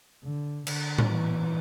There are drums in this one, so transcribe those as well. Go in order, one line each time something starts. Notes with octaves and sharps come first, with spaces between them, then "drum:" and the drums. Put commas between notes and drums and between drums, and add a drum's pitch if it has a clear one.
D3
D3, drum: cymbal
drum: tom A2
E3